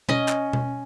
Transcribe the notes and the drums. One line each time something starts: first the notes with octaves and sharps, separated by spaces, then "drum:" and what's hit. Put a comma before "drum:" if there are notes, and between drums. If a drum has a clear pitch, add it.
C#4 D#5, drum: tom B2
drum: clap
drum: tom B2